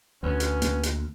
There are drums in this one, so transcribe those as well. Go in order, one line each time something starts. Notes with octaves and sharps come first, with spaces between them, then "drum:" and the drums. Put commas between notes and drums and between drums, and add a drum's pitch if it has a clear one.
D2 B3 C#4
drum: hi-hat
A#3, drum: hi-hat
drum: hi-hat